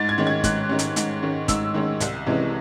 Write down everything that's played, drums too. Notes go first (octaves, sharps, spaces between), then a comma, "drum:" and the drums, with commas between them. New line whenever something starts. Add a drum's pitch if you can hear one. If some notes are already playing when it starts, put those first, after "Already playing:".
Already playing: G#2 A6
G#6
D#3 G#3 C#4
G#6
G#2 F#6, drum: kick, hi-hat
D#3 G#3 C#4
drum: hi-hat
G#2, drum: hi-hat
D#3 G#3 C#4
G#2 E6, drum: kick, hi-hat
D#3 G#3 C#4
C2, drum: hi-hat
C3 E3 G#3 C#4